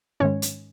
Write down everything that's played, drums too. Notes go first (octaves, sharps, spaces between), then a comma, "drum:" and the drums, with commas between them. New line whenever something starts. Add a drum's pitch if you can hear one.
G#2 D#3 G#3 C#4 C#5
drum: hi-hat